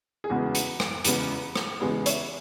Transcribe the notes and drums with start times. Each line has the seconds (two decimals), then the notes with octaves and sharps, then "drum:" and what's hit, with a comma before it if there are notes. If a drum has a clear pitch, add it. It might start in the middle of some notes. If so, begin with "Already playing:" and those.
0.24 G#4
0.30 E2 C#3 G#3 B3 F#4
0.55 drum: hi-hat
0.80 drum: rim click
1.05 E2 C#3 G#3 B3, drum: hi-hat
1.56 drum: rim click
1.80 E2 C#3 G#3 B3 G#4
2.06 C#5 E5, drum: hi-hat